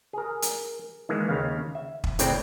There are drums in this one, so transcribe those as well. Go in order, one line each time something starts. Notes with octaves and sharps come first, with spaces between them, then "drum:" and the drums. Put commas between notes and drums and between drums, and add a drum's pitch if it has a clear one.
G#4 A#4
drum: hi-hat
D#3 E3 G#3 A#3
D#2 C#3 F5
E5
drum: kick
A2 C#3 C4 D5 G5 A#5, drum: hi-hat